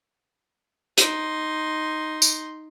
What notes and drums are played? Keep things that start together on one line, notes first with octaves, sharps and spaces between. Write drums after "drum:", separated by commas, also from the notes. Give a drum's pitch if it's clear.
D#4 C6, drum: hi-hat
drum: tambourine